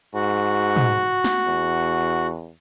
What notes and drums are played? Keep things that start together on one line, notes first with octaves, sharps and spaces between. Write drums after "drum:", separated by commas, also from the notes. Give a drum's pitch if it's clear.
G#2 F#4
drum: tom
drum: snare
E2